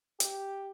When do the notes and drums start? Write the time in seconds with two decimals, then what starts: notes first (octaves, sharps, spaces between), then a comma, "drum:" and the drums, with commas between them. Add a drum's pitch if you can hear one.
0.20 G4, drum: hi-hat